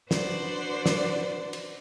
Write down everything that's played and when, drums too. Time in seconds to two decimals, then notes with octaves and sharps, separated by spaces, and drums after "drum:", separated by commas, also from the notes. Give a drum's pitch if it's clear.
0.11 D4 F#4 B4 C5 D5, drum: snare
0.86 drum: snare
1.53 drum: cymbal